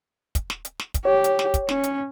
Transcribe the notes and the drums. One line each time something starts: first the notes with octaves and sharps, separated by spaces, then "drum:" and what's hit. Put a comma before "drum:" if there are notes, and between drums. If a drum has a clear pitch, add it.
drum: kick, hi-hat
drum: snare
drum: hi-hat
drum: snare
drum: kick, hi-hat
G4 C#5
drum: hi-hat
drum: snare
drum: kick, hi-hat
C#4, drum: snare
drum: hi-hat